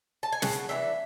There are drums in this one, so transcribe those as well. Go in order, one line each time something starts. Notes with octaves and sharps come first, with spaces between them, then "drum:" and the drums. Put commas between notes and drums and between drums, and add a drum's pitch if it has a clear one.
A5
G#5
C#3 F#5, drum: snare
E3 B3 D4 E5